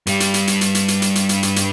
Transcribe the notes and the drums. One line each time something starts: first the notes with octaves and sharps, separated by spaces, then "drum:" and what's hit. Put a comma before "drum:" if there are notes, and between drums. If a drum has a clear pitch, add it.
G2 G3, drum: hi-hat
drum: hi-hat
drum: hi-hat
drum: hi-hat
drum: hi-hat
drum: hi-hat
drum: hi-hat
drum: hi-hat
drum: hi-hat
drum: hi-hat
drum: hi-hat
drum: hi-hat